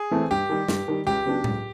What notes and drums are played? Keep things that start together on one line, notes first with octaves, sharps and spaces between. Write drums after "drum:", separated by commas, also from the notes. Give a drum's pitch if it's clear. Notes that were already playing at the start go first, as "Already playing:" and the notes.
Already playing: G#4
E3 A3 C4
G2 G4
D#3 G3
G2, drum: snare
D#3 G3
C#2 G4
C#3 F#3 B3 D4
C#2, drum: tom A2